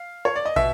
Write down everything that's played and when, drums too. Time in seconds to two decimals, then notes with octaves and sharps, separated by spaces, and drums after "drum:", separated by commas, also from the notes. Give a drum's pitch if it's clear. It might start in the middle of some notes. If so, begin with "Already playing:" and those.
Already playing: F5
0.25 C#5
0.36 D5
0.46 D#5
0.56 B2 E5, drum: kick